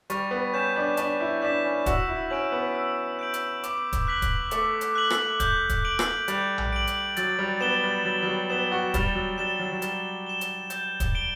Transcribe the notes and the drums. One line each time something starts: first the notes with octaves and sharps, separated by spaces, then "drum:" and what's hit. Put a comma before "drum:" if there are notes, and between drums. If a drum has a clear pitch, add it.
G3 C#6, drum: hi-hat
B3
C#4 G6 B6 E7
D4
D4 C#6, drum: hi-hat
E4
D4 G6 B6 E7
C#4
F#4 E6, drum: kick, hi-hat
E4
C#4 G6 D7 F#7
B3
E6
G6 D7 F#7
drum: hi-hat
D6, drum: hi-hat
drum: kick, hi-hat
F#6 B6 F#7
drum: kick, hi-hat
A3 D6, drum: hi-hat
drum: hi-hat
F#6 B6 F#7
drum: rim click
G6, drum: kick, hi-hat
drum: kick, hi-hat
D7 F#7
drum: rim click
G3 G6, drum: hi-hat
drum: tom A#1
D7 F#7
drum: hi-hat
F#3 A6, drum: hi-hat
G3
B3 E7 G7
G3
F#3 A6
F#3
G3
B3 E7 G7
F#4
G3 A6, drum: kick, hi-hat
F#3
G3 E7 G7
F#3
F#3
G3 A6, drum: hi-hat
E7 G7
drum: hi-hat
G6, drum: hi-hat
drum: kick, hi-hat
D7 G7